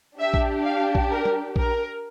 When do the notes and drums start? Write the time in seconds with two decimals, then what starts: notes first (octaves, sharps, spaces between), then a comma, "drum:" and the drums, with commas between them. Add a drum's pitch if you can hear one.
0.19 D4 G4 E5
0.34 drum: kick A#1
0.65 F5
0.95 drum: kick A#1
1.10 A#4
1.25 drum: tom
1.56 A#4, drum: kick A#1